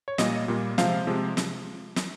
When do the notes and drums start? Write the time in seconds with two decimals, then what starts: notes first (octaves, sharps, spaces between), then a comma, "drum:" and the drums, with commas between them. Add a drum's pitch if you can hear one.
0.08 C#5
0.18 A#2 G3 A#3 D#5, drum: snare
0.48 A#2 G3 A#3
0.78 C3 F3 G#3 F5, drum: snare
1.07 C3 F3 G#3
1.37 drum: snare
1.96 drum: snare